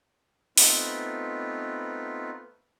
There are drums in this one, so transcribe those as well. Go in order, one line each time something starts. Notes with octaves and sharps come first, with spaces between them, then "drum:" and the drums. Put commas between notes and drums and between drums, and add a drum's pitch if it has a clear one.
A3 B3 C4 D#4 F4 B4, drum: open hi-hat